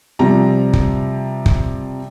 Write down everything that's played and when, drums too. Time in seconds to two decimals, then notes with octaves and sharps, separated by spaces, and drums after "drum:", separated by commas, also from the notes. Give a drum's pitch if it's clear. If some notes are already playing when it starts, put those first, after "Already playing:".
0.19 C3 F3 G3 A#5
0.73 drum: kick
1.46 drum: kick